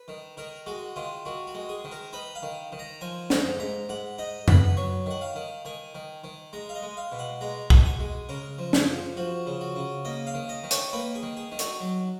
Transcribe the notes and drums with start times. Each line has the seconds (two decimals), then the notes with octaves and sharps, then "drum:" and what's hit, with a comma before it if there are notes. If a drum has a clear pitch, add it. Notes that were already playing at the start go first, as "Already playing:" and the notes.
Already playing: B4
0.08 D#3
0.37 D#3 A#4
0.66 G#3 F#4
0.96 D#3 F4
1.25 D#3 F#4
1.47 F#4
1.55 G#3
1.69 G#4
1.84 D#3
1.91 A#4
2.13 D#4 B4
2.35 F5
2.43 D#3
2.72 D#3
2.79 A#5
3.01 F3 G#5
3.30 G#2 A#5, drum: snare
3.60 G#2 A#5
3.89 G#2 F#5
4.18 D#4 D#5
4.48 B3 B4, drum: tom F2
4.77 F#3 C#5
5.06 D#3 F#5
5.21 F5
5.36 D#3
5.65 D#3 G#5
5.95 D#3
6.24 D#3
6.53 G#3 A#5
6.69 F5
6.75 D#5
6.82 G#3
6.97 F5
7.12 B2
7.19 F#5
7.41 G#3 A#5
7.70 B2, drum: kick
7.85 G#5
8.00 G#3
8.29 C#3 A#4
8.58 F3
8.73 G#4, drum: snare
8.87 F3
9.17 F3 F#4
9.46 C#3
9.61 F#4
9.76 C#3
10.05 A#3 D#5
10.27 F5
10.34 D#3
10.49 D#5
10.64 D#3
10.71 C#5, drum: hi-hat
10.93 A#3 B4
11.15 G#4
11.23 D#3
11.37 G#4
11.52 D#3
11.59 F#4, drum: hi-hat
11.81 F#3